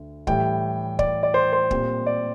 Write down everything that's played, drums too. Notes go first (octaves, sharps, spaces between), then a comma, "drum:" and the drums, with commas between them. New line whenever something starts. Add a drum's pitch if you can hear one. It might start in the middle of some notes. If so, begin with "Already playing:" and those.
Already playing: D2 D3
A2 E3 G3 G5, drum: kick
D5, drum: kick
D5
C5
C5
A#2 G3 C4, drum: kick
D5